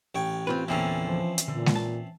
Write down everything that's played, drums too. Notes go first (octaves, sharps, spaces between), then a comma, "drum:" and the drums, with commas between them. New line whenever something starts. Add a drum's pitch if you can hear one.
A1 C#5 G5
C4 F4 B4
E2 A#2 D3 E3 C4 C#4
F3
drum: hi-hat
A#2 D3
drum: snare G#3
A5